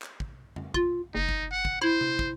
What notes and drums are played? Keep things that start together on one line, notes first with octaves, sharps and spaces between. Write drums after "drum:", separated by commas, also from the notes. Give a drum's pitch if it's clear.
drum: clap
drum: kick
drum: tom
F4, drum: kick
F#1 D#4
drum: kick
F#5
drum: kick
E4 C5
drum: tom C3
drum: kick